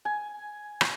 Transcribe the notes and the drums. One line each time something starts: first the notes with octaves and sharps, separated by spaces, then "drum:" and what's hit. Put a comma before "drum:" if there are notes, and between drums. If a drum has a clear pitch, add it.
G#5
drum: rim click